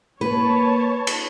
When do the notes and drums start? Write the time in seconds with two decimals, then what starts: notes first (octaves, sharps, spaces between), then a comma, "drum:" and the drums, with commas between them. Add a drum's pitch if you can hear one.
0.21 A#3 B4 C#5 A5
1.07 drum: cymbal